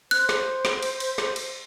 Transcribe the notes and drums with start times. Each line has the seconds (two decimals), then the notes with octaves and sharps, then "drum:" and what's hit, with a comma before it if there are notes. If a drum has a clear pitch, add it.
0.11 C5 F#6, drum: cymbal
0.29 drum: snare
0.65 drum: snare
0.83 drum: cymbal
1.00 drum: cymbal
1.18 drum: snare
1.36 drum: cymbal